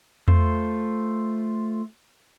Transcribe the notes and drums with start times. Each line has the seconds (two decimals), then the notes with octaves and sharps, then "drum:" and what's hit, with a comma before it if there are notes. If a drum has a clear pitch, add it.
0.28 A3 F4 C5, drum: tom E2